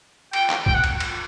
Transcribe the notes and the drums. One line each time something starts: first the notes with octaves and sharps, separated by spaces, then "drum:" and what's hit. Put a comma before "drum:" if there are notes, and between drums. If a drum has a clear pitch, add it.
G5, drum: cymbal
drum: clap
G5, drum: kick
F#5
drum: cymbal
drum: cymbal